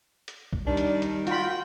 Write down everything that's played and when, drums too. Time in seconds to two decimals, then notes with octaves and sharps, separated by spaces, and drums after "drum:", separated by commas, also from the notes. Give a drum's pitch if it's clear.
0.28 drum: hi-hat
0.53 drum: kick
0.67 D#3 G3 D4
0.77 drum: hi-hat
1.02 drum: hi-hat
1.27 F4 F#4 G5 B5, drum: hi-hat